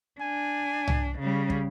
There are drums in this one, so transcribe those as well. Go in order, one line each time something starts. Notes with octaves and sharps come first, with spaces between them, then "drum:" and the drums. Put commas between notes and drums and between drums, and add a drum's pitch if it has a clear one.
D4 G#5
drum: tom C2
C#3 G3
drum: kick